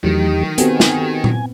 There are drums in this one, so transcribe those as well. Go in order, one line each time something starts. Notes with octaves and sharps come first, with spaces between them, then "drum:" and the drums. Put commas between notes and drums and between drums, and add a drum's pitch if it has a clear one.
E2 D#3 E3 F#3 A3 D#4 G4
B3 C4 F#4 G4 A4 G#5, drum: hi-hat
drum: snare
drum: tom A#2